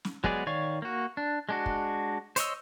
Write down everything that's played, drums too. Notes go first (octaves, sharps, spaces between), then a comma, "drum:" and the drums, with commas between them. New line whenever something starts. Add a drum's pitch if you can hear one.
drum: snare
F#3 G#3 B3 G#4 D5, drum: kick
D#3 C#5 D5 F5 C#6
A#3 F#4
D4
G#3 D4 F#4
drum: kick
C5 C#5 D#5 E6, drum: hi-hat